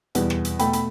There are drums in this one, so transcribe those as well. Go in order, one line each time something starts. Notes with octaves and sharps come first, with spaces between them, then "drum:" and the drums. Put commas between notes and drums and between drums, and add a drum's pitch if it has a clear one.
E2 B2 G3 B3, drum: hi-hat
drum: rim click
drum: hi-hat
B2 A3 G5 B5, drum: hi-hat
B5, drum: hi-hat